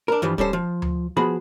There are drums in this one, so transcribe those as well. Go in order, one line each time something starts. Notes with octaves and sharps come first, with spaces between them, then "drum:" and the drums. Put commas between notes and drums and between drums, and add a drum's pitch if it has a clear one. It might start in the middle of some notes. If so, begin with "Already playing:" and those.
D4 A#4
G2 E3 F3 G3
G3 C#4 A4 C5, drum: kick
F3
drum: tom D2
F3 B3 F#4 G#4 B5